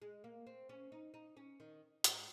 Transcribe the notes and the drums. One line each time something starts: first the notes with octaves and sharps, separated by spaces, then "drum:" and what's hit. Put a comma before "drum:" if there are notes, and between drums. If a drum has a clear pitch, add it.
G#3
A#3
C4
C#4
D#4
D#4
C#4
D#3
G#2, drum: hi-hat